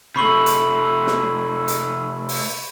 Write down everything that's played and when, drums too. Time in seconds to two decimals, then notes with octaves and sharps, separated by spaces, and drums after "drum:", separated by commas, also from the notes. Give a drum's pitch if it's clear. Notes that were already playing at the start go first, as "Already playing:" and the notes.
0.16 C3 A3 B5 C#6 F#7
0.46 drum: hi-hat
1.07 drum: snare
1.68 drum: hi-hat
2.29 drum: open hi-hat